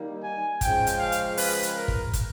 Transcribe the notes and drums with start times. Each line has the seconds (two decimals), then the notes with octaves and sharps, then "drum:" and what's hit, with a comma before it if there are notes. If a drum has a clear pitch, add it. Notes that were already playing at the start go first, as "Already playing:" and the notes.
Already playing: D#3 G3 A#3 D#4
0.23 G#5
0.61 C#3 F3 G#3 C#4 G5, drum: kick, hi-hat
0.87 drum: hi-hat
0.99 F5
1.12 drum: hi-hat
1.37 B4, drum: open hi-hat
1.63 drum: hi-hat
1.75 A#4
1.88 drum: kick
2.13 drum: kick, hi-hat